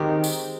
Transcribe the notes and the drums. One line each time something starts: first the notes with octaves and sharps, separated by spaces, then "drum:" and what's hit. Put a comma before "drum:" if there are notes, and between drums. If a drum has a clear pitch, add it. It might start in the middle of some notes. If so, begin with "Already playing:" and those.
Already playing: D#3 G#3 C4 G4
drum: tambourine